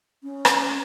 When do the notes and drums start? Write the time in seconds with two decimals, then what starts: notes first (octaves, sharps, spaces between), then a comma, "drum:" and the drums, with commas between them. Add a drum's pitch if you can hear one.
0.23 C#4
0.45 drum: rim click